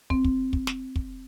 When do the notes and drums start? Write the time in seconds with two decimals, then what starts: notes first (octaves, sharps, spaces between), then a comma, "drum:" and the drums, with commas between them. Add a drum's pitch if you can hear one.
0.10 C4, drum: kick
0.24 drum: kick
0.53 drum: kick
0.67 drum: snare
0.96 drum: kick